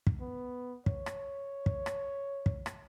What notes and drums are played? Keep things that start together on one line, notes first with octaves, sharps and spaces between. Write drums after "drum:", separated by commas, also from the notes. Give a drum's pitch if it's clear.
drum: kick
B3
C#5, drum: kick
drum: rim click
drum: kick
drum: rim click
drum: kick
drum: rim click